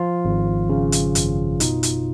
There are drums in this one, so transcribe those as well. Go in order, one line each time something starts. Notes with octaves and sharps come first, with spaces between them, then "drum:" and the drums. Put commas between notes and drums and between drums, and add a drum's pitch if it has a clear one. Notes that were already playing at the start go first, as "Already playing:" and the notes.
Already playing: F3 F4
G#1
C#3
drum: hi-hat
F#2, drum: hi-hat
B2 D#4, drum: hi-hat
drum: hi-hat